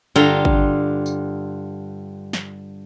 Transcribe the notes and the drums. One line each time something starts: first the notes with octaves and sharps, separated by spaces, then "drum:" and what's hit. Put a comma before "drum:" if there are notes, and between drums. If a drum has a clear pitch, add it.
G2 D3 F4 G4 G5 A#5
drum: kick G#1
drum: tambourine
drum: snare